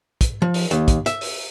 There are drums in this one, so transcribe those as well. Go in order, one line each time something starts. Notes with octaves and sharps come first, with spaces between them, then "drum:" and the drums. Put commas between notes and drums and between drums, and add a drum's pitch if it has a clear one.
drum: kick, hi-hat
F3
drum: open hi-hat
D#2, drum: hi-hat
drum: kick, hi-hat
E5, drum: hi-hat
drum: open hi-hat